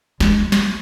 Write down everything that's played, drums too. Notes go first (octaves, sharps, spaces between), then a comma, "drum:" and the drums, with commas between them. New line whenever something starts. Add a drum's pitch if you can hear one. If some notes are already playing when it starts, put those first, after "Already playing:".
G#3, drum: snare
drum: snare